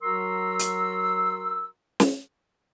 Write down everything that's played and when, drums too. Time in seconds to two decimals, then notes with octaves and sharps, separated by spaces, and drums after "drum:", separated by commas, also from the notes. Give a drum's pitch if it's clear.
0.02 F#3 F#4 A#4 A#5 C6 E6
0.59 drum: hi-hat
2.00 drum: snare